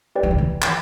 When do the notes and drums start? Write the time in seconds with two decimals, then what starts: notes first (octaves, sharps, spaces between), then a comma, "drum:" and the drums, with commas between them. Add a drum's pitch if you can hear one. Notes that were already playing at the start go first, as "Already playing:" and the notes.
0.15 G4 B4 D5 G5
0.23 E3
0.31 D3
0.38 E3
0.62 drum: clap